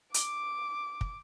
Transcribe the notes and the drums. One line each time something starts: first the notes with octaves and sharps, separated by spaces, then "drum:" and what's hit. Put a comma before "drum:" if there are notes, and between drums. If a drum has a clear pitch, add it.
D6, drum: hi-hat
drum: kick